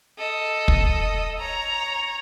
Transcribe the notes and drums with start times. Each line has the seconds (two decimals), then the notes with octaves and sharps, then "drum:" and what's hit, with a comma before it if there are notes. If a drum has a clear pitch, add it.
0.18 A4 D#5
0.68 drum: kick
1.38 C#5 A#5